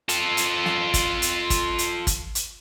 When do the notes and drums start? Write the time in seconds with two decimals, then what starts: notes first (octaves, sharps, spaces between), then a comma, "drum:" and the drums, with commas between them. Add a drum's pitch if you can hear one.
0.09 F4 A4, drum: hi-hat
0.37 drum: hi-hat
0.65 drum: snare
0.94 drum: kick, hi-hat
1.22 drum: hi-hat
1.50 drum: kick, hi-hat
1.79 drum: hi-hat
2.07 drum: kick, hi-hat
2.35 drum: hi-hat